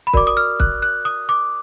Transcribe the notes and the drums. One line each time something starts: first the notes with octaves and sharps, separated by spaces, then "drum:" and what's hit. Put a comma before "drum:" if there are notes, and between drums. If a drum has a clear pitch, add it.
B5
F#4 A#4 D5 D6, drum: kick
D#6
F6
F#6, drum: kick
F#6
D#6
D6